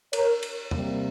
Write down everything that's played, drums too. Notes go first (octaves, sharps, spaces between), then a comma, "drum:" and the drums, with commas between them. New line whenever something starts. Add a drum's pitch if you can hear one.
A#4 C#5, drum: cymbal
drum: cymbal
C3 G3 A#3, drum: tom E2